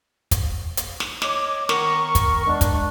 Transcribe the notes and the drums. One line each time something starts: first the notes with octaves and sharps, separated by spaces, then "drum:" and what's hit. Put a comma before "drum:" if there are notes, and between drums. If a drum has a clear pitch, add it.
drum: kick, hi-hat
drum: hi-hat
drum: snare
C#5 D#5 D6, drum: snare
D#3 B3 A#4 C#6, drum: snare
drum: kick, hi-hat
G#3 D4
drum: kick, hi-hat